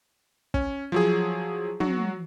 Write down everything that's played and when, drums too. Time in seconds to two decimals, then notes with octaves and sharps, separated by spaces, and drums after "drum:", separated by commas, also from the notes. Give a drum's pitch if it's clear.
0.54 C#4, drum: kick
0.92 F3 F#3 G#4
1.80 F#3 F#4, drum: tom